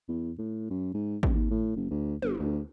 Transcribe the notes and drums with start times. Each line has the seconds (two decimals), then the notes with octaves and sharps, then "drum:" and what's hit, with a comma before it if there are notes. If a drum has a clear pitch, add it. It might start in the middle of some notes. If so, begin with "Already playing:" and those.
0.08 E2
0.38 A2
0.70 F#2
0.94 G#2
1.23 D#1, drum: kick G#1
1.35 D#2
1.51 A2
1.76 F#1
1.91 D2
2.22 G1, drum: tom
2.40 D2